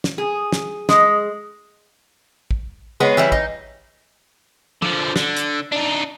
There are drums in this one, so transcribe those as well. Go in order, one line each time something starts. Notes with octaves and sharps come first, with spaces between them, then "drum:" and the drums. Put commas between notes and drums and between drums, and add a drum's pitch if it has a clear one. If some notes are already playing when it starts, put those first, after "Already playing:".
drum: snare
G#4
drum: snare
G#3, drum: snare
drum: kick
G#3 B3 G#4 B4 C#5 C7
E3 G3 E4
D#4, drum: kick
D3 F3, drum: tom
D3, drum: snare
drum: hi-hat
D4 D#4